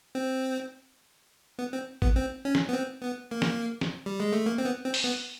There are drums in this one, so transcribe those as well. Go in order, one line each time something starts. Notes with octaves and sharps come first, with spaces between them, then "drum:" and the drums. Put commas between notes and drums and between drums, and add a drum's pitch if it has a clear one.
C4
B3
C4
B3, drum: kick G#1
C4
C#4
drum: snare
B3
C4
B3
A#3
drum: snare
drum: snare
G3
G#3
A3
A#3
C4
B3
C4
drum: open hi-hat
B3